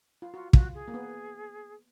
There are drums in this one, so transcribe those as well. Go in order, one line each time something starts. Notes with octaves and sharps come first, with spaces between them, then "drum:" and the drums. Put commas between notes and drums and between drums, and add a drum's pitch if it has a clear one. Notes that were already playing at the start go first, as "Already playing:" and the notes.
F4
F4 F#4
F4 F#4, drum: kick
G#4
A#3
B3